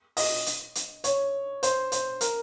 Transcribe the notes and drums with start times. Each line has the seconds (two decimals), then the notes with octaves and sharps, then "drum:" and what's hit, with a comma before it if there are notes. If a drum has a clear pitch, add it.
0.17 D#5, drum: open hi-hat
0.46 drum: hi-hat
0.75 drum: hi-hat
1.04 C#5, drum: hi-hat
1.63 C5, drum: hi-hat
1.92 C5, drum: hi-hat
2.21 A#4, drum: hi-hat